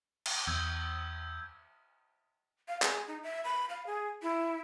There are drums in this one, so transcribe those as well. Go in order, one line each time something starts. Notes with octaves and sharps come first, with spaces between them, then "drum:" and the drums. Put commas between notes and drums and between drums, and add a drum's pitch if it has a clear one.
drum: cymbal
E2 E6 G6 G#6
F5
G#4, drum: clap
D#4
E5
B5
F5
G#4
E4